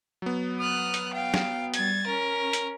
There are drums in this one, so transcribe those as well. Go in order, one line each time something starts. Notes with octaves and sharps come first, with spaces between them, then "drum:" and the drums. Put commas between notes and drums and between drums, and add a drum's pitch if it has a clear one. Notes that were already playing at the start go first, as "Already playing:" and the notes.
F#3 B3
D#6 F6 F#6
drum: hi-hat
F5 G5
drum: snare
G3 G#6 A6, drum: hi-hat
C#4 A#4
drum: hi-hat